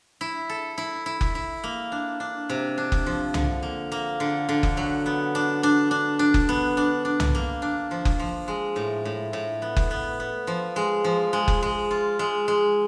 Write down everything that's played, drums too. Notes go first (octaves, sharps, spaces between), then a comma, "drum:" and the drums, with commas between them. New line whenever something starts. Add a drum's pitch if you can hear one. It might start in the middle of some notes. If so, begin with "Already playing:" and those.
E4
A4
E4
E4
drum: kick F#1
E4
A#3
D4
D4
C3
D4
drum: kick F#1
F3
D3, drum: tom C2
A#3
A#3
D3
D3
drum: kick F#1
F#3
B3
D4
D4
D4
D4
drum: kick F#1
B3
D4
D4
drum: tom C2
A#3
D4
F3
drum: kick F#1
F3
G#3
A2
A2
A2
B3
drum: kick F#1
B3
B3
F3
G#3
F3
G#3
drum: kick F#1
G#3
F4
G#3
G#3